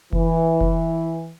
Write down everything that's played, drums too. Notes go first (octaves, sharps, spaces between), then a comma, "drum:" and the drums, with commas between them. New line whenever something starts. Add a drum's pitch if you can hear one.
E3, drum: kick F1
drum: kick F1